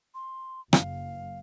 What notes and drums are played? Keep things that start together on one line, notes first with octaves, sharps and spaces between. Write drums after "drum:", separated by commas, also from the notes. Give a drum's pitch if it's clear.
C6
F#1 F5, drum: rim click